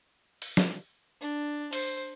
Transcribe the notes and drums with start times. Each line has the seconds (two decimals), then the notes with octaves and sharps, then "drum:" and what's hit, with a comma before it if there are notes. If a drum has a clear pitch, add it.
0.42 drum: open hi-hat
0.57 drum: snare
1.21 D4
1.73 C5, drum: open hi-hat